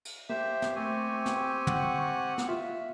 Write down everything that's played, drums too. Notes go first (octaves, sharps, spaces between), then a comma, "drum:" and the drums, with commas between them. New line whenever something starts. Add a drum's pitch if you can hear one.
drum: cymbal
A#3 G4 C5 E5
drum: snare
A3 C4 G4 G#5 C#6
drum: snare
F#5, drum: tom
drum: snare
F4 E5